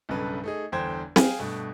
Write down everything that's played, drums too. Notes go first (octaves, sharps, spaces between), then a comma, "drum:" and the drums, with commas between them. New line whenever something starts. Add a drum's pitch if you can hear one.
B1 G2 C#3 A4 B4
A3 D#4 G#4
G1 E2 D3 C5 G5 G#6
G#4 F5 G5 G#5, drum: snare C4
G2 B2 A3